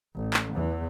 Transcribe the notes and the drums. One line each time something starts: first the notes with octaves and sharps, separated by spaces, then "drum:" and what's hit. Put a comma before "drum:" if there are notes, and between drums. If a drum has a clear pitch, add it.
A1
drum: clap
E2 E3